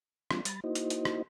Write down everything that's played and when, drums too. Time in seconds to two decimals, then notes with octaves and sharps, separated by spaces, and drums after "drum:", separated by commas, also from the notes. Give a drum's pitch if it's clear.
0.31 F3 G#3 C4 D4 F4, drum: rim click
0.45 G3 B5 A6, drum: hi-hat
0.64 A#3 D#4 E4 F#4 C5 D#5
0.75 drum: hi-hat
0.90 drum: hi-hat
1.05 drum: rim click